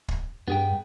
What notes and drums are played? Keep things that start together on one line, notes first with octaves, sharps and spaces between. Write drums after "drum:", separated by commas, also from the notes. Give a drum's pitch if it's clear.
drum: kick
G2 B3 G#4 G5